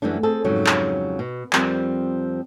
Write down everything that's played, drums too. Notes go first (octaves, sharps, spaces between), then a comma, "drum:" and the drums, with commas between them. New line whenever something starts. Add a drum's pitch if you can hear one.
F#2 E3 G3 A3 D4
C4 G#4 A4
F2 G#2 C#3 F#3
drum: clap
B2
F2 F3 G3 C4 A#4, drum: clap